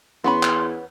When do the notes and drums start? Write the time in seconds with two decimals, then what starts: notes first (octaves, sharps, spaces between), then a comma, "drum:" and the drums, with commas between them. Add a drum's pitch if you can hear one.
0.24 E2 B3 C#4 B5 C6
0.43 drum: clap